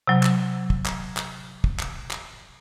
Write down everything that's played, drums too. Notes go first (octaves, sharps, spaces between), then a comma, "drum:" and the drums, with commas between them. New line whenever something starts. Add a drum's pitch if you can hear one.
C3 F#3
drum: clap
drum: kick
drum: clap
drum: clap
drum: kick
drum: clap
drum: clap